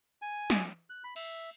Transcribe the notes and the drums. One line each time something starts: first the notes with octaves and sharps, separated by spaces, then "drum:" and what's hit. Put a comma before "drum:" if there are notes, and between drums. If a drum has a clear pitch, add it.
G#5
drum: snare
F#6
B5
E5, drum: cymbal